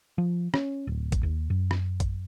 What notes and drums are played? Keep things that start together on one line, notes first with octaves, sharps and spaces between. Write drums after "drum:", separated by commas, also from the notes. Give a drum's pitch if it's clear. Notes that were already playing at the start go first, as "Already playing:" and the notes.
F3
C#4, drum: rim click
D1
drum: kick, hi-hat
D#2
F#2
drum: rim click
drum: kick, hi-hat